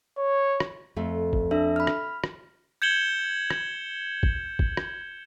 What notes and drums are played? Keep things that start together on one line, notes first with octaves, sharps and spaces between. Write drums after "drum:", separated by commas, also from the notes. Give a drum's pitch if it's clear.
C#5
drum: rim click
F2 A3
drum: kick G#1
D4 A4 E5
B5 F6
drum: rim click
drum: rim click
G6 G#6 C#7 E7 F#7 G7
drum: rim click
drum: kick G#1
drum: kick G#1
drum: rim click